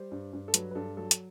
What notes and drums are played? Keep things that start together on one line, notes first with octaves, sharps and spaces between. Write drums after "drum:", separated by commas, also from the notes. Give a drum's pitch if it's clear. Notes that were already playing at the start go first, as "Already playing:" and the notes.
Already playing: G3 C5
G2
G2
A4
F#3 B4, drum: hi-hat
B4
G2 A4
F#3 A4
drum: hi-hat